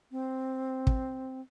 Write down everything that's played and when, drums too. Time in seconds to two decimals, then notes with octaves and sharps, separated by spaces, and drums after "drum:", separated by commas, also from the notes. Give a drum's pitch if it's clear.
0.12 C4
0.87 drum: kick